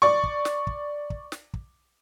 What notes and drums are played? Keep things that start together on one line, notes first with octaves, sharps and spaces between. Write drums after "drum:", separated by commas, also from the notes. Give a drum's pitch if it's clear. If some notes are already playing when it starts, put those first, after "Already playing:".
D5 C#6
drum: kick
drum: snare
drum: kick
drum: kick
drum: snare
drum: kick